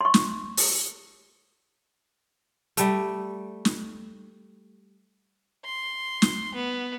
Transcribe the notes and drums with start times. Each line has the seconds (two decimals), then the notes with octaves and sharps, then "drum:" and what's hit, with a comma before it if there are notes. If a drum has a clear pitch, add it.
0.01 C6 C#6
0.14 drum: snare
0.57 drum: open hi-hat
2.77 G3 A3, drum: hi-hat
3.65 drum: snare
5.65 C6
6.22 drum: snare
6.55 B3